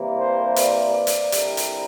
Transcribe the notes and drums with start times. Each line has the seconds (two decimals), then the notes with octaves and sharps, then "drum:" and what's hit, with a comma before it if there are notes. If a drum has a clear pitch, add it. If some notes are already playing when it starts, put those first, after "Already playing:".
Already playing: C3 E3 G3 A#3
0.19 C5
0.56 D5, drum: hi-hat
1.07 drum: hi-hat
1.32 D3 G3 C4 E4 A#4, drum: hi-hat
1.57 drum: hi-hat